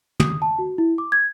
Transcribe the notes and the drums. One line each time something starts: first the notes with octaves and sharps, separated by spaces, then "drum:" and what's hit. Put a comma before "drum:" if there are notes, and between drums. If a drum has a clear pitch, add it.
D#6, drum: tom
A5
F#4
E4
D6
G#6